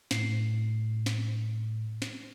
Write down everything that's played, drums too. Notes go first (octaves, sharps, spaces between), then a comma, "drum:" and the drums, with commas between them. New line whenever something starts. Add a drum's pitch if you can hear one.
A2 C7, drum: snare
drum: snare
drum: snare